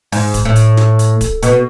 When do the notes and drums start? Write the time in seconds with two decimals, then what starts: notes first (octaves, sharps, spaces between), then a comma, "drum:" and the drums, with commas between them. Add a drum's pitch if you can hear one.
0.12 G#2, drum: open hi-hat
0.34 drum: kick D1, hi-hat
0.45 A2
0.56 drum: hi-hat
0.77 drum: snare
0.99 drum: hi-hat
1.21 drum: kick D1, hi-hat
1.43 B2, drum: hi-hat